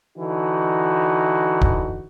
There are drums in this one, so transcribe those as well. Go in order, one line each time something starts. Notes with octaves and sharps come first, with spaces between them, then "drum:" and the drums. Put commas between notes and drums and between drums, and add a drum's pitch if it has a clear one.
D3 E3 D#4 F#4
drum: kick